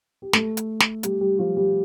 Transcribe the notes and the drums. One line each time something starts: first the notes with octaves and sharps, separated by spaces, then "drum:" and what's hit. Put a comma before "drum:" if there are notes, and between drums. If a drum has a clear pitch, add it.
G4
A3 A4, drum: snare
drum: hi-hat
drum: snare
G3 G4, drum: hi-hat
G3 G4
F3 F4
G3 G4